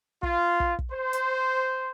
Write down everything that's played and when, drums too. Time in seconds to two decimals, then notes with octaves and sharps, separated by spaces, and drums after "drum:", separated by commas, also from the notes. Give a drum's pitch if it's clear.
0.23 F4, drum: kick
0.60 drum: kick
0.79 drum: kick
0.91 C5
1.13 drum: hi-hat